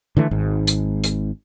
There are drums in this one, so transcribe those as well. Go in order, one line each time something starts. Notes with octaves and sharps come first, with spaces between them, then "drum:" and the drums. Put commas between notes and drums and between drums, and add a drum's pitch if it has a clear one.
D3 E3 A3
G#1 G#2
drum: hi-hat
drum: hi-hat